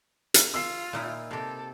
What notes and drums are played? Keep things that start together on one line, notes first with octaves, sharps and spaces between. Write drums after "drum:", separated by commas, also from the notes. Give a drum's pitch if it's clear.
drum: hi-hat
F4 E6 C7
A#2 D#4 E4
C3 G4 A4